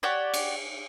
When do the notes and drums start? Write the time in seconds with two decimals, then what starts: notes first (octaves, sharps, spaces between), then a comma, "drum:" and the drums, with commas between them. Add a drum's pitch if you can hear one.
0.03 F#4 G4 C#5 D5
0.34 drum: cymbal